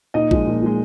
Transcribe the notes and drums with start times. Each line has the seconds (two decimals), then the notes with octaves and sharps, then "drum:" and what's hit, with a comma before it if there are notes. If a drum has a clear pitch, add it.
0.14 A#2 D#4 D#5
0.31 F3 G#3, drum: kick
0.47 A#2
0.62 F3 G#3